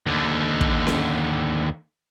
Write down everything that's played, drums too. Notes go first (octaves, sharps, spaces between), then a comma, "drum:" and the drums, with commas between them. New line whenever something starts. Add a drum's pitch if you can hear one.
D#2 D3
drum: kick
drum: snare C#4